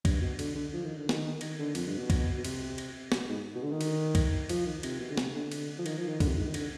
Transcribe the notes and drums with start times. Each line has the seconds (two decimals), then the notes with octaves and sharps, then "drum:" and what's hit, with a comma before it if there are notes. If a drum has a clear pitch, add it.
0.05 G2, drum: kick C2, cymbal
0.21 B2
0.39 D3, drum: cymbal
0.55 D3
0.73 F3
0.85 D#3
0.98 D3
1.09 D#3, drum: snare
1.41 D#3, drum: cymbal
1.59 D3
1.75 F2, drum: cymbal
1.87 G2
1.98 B2
2.10 drum: kick C2, cymbal
2.38 B2
2.44 C3, drum: cymbal
2.78 drum: cymbal
3.12 B2, drum: snare
3.29 G#2
3.55 B2
3.63 D3
3.71 D#3
3.81 drum: cymbal
4.15 drum: kick C2, cymbal
4.49 F3, drum: cymbal
4.65 D#3
4.83 C3, drum: cymbal
5.00 B2
5.11 D3
5.17 C3, drum: snare
5.35 D3
5.52 drum: cymbal
5.79 F3
5.86 D#3, drum: cymbal
5.98 F3
6.08 D#3
6.20 D3, drum: kick C2, cymbal
6.28 C3
6.37 G#2
6.46 D#3
6.54 D3, drum: cymbal